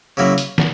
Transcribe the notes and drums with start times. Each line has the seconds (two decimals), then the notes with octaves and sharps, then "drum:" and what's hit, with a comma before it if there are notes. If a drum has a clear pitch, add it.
0.17 C#3 F#3 A#3 E4
0.38 drum: hi-hat
0.58 drum: snare